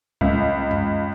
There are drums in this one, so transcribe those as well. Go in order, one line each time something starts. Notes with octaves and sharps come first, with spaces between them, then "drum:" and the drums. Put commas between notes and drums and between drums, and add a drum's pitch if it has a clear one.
C#2, drum: kick
drum: tom F#2